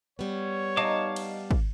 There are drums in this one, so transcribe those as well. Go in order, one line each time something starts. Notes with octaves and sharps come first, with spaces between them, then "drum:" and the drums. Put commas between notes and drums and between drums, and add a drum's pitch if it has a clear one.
G3 B3 C#5
D#4 F5 A5 D6
drum: cymbal
drum: kick